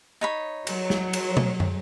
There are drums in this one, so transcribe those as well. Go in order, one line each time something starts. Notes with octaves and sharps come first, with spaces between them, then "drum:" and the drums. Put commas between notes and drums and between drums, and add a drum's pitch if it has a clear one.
D#4 C#5 B5
F#3, drum: cymbal
drum: snare
drum: cymbal
drum: tom B2
drum: tom